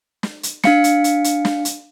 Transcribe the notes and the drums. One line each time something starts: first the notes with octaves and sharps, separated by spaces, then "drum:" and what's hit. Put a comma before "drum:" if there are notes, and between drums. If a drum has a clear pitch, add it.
drum: snare
drum: hi-hat
D4 F5 C#7, drum: snare
drum: hi-hat
drum: hi-hat
drum: hi-hat
drum: snare
drum: hi-hat